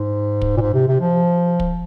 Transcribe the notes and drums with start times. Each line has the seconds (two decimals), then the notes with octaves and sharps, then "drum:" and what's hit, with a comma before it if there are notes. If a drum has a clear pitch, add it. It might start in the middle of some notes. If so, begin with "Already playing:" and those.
Already playing: G#2
0.41 drum: kick
0.57 A#2
0.61 G#2
0.74 C3
0.88 C3
1.01 F3
1.60 drum: kick